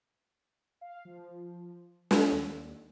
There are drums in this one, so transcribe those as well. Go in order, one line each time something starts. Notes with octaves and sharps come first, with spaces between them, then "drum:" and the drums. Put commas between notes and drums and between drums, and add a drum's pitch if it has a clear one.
F5
F3
G4, drum: snare
D#2